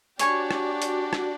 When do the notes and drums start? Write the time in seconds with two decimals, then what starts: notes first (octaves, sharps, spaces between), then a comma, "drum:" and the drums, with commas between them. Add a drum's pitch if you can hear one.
0.19 D4 F#4 G4 C#5 D5 G#5 C#6, drum: hi-hat
0.51 drum: rim click
0.82 drum: hi-hat
1.13 drum: rim click